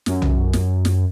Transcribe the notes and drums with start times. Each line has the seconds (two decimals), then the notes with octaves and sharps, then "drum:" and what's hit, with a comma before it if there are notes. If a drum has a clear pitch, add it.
0.06 F#2, drum: snare
0.22 drum: tom B1
0.53 drum: snare
0.85 drum: snare